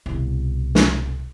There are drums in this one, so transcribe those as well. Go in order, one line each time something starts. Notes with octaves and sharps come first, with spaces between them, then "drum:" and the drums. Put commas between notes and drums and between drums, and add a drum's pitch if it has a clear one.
C2 B2
drum: snare